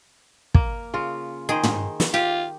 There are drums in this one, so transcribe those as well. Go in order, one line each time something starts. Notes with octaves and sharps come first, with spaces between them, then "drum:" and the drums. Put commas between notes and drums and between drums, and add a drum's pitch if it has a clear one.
A#3, drum: kick
C#3 F4
D#3 G#4 C5
drum: tom
drum: snare
F4 G4